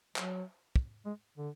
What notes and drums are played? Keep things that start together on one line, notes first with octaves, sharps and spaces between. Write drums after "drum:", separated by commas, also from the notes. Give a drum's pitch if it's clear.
F#3, drum: clap
drum: kick
G#3
D3